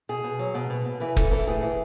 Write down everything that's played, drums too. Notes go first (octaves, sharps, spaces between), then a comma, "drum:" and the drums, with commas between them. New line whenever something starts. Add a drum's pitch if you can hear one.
B2 G#4
B2
F#3
B2
B2
B2
E3 B4
E3 A4, drum: kick
E3 A4
A2 G#4
E3